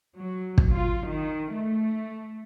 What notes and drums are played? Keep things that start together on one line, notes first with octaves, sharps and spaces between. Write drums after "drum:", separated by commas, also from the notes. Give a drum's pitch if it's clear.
F#3
drum: kick
F4
D#3
A3